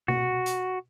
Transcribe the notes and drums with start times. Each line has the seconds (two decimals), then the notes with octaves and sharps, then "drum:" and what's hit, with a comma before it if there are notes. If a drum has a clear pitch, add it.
0.08 F#4, drum: tom B2
0.46 drum: hi-hat